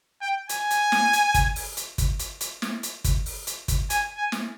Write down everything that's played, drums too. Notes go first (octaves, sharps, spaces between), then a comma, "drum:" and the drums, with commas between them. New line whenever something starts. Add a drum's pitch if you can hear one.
G5
G#5, drum: hi-hat
drum: hi-hat
drum: snare
drum: hi-hat
drum: kick, hi-hat
drum: open hi-hat
drum: hi-hat
drum: kick, hi-hat
drum: hi-hat
drum: hi-hat
drum: snare
drum: hi-hat
drum: kick, hi-hat
drum: open hi-hat
drum: hi-hat
drum: kick, hi-hat
G#5, drum: hi-hat
G#5
drum: snare